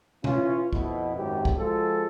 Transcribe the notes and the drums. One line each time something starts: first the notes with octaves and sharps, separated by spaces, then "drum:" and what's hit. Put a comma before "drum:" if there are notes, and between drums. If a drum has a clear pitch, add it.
E3 C#4 F4, drum: tom B2
F2 B2 E4, drum: kick
G#1 F#2 G4
drum: kick
F3 G#3 F4 F#4 G#4 A4